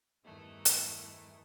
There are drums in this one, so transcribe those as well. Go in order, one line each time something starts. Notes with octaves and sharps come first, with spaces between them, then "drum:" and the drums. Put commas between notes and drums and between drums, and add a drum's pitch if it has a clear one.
E2 G2 D#3 E3 A3 D#4
drum: hi-hat